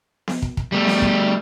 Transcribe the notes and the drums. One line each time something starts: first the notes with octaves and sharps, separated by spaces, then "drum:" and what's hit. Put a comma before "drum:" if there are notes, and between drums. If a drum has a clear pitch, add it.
drum: snare B3
drum: kick
drum: kick
G3 A3
drum: snare B3
drum: kick